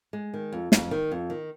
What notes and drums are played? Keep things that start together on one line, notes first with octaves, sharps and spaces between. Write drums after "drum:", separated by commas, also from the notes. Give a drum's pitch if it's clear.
G#3
D#3
F2
F2, drum: snare
D#3
F2
D#3